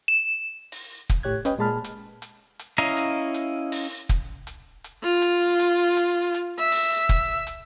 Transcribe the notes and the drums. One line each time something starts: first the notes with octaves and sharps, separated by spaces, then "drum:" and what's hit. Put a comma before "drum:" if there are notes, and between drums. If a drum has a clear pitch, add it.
E7
drum: open hi-hat
drum: kick, hi-hat
A2 G4 C#5 F#6 G#6
C#4 B4 D#5 G5, drum: hi-hat
A#2 G#3 G#4 A5 B5 F6
drum: hi-hat
drum: hi-hat
drum: hi-hat
C#4 E4 D#5 F5 A#5
drum: hi-hat
drum: hi-hat
drum: open hi-hat
drum: kick, hi-hat
drum: hi-hat
drum: hi-hat
F4
drum: hi-hat
drum: hi-hat
drum: hi-hat
drum: hi-hat
E5
drum: open hi-hat
drum: kick, hi-hat
drum: hi-hat